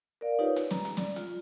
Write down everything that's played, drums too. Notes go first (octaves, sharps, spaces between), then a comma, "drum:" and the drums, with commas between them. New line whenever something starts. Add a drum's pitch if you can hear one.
A#4 D5 F5
D#4 F4 G4 B4 C#5
drum: hi-hat
A#5, drum: snare
drum: hi-hat
D5, drum: snare
F4, drum: hi-hat